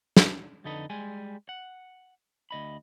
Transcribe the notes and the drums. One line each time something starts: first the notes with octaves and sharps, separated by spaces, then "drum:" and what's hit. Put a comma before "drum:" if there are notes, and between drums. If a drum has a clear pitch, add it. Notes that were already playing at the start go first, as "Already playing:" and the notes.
drum: snare
F2 D3 D#4 A4 B4 D#5
G3 G#3 G#5
F#5
D2 D#5 B5